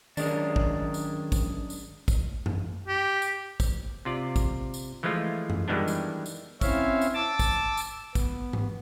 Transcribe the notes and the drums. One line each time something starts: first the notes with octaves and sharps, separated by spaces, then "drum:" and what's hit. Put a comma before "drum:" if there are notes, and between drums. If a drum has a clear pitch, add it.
F#2 D#3 G#3 D4, drum: tambourine
drum: kick
drum: tambourine
drum: kick, tambourine
drum: tambourine
drum: kick, tambourine
drum: tom F#2
G4
drum: tambourine
drum: kick, tambourine
C3 F4 D5
drum: kick, tambourine
drum: tambourine
E3 F3 G#3 A3 F4
drum: tom F#2
D#3 E3 G3 G#3 B3 D4
drum: tambourine
drum: tambourine
C4 C#4 E4 C#5 E5 F5, drum: kick, tambourine
drum: tambourine
A5 D6 E6 A6
drum: kick, tambourine
drum: tambourine
B3, drum: kick, tambourine
drum: tom G#2